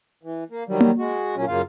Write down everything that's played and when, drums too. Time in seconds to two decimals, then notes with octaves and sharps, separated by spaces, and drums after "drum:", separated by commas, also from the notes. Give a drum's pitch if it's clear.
0.23 E3
0.50 A#3
0.68 D#3 F#3 G3
0.81 drum: tom A#3
0.98 G#3 F#4
1.36 A#2 F#3 C#4
1.47 F#2 C#3 A#3 F4 F5